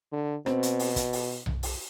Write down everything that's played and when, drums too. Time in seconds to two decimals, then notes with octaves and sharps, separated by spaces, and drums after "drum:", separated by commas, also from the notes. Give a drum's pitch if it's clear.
0.13 D3
0.46 B2 C4, drum: rim click
0.63 drum: hi-hat
0.79 drum: open hi-hat
0.96 drum: kick, hi-hat
1.13 drum: open hi-hat
1.46 drum: tom B1
1.63 drum: open hi-hat